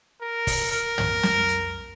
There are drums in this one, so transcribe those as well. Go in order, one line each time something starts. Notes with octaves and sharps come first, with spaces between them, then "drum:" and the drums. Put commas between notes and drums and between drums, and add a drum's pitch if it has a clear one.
A#4
drum: kick, open hi-hat
A#4, drum: hi-hat
drum: tom
drum: snare
drum: hi-hat